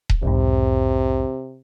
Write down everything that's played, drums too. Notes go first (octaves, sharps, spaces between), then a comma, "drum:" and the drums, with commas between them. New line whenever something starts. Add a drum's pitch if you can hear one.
drum: kick D#1
B1 E2 G#2 C3